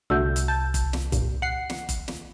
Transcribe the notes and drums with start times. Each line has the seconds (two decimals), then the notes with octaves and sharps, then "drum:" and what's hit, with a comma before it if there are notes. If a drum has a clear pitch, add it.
0.10 C2 D3 A3 F#4 E6 G6
0.36 drum: hi-hat
0.48 A5 G6
0.74 drum: kick G1, hi-hat
0.93 drum: snare
1.12 G2 A#2, drum: kick G1, hi-hat
1.42 F#5 C7
1.70 drum: snare
1.89 drum: kick G1, hi-hat
2.08 drum: snare